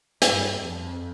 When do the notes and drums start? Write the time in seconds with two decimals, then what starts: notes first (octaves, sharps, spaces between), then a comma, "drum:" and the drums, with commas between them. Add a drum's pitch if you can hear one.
0.22 G2, drum: hi-hat
0.58 F2